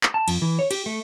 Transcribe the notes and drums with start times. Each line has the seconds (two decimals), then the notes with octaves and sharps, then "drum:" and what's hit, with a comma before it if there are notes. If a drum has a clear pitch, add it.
0.03 drum: clap
0.14 A5
0.28 F2, drum: cymbal
0.42 E3
0.59 C#5
0.71 G4, drum: cymbal
0.86 A3